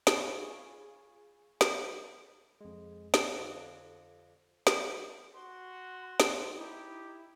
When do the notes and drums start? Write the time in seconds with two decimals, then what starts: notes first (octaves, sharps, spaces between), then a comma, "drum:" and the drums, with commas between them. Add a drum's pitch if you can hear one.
0.07 F4 G#4 C#5 B5, drum: snare
1.61 drum: snare
2.61 F2 G#3
3.14 drum: snare
3.39 F2 D3 D#6
4.67 drum: snare
5.34 F#4 C6
6.20 drum: snare
6.58 D#4 E4 G4